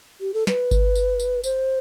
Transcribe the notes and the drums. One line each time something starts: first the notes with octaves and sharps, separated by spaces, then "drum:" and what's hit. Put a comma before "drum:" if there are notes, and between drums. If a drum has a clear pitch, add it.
G4
A4
B4, drum: snare
drum: kick G1, tambourine
drum: tambourine
drum: tambourine
C5, drum: tambourine